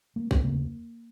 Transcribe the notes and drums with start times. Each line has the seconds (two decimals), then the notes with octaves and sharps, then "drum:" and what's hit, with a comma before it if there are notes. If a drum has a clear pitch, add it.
0.16 A#3
0.31 C4, drum: kick
0.44 F1 D#2 C#3 A#3